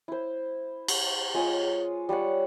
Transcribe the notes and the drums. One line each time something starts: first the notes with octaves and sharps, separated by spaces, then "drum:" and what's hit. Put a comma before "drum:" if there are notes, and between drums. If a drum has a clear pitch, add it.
E4 C5
drum: cymbal
G#3 F4 G#4 C#5
G3 F4 C#5 F#5